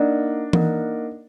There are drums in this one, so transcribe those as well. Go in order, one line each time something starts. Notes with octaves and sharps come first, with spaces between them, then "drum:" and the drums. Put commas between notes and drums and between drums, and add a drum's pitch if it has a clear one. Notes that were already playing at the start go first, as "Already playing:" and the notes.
Already playing: A#3 D4 D#4 A#4 D#5 F#5
A#3 D#4 A#4 D#5 F#5, drum: tom E3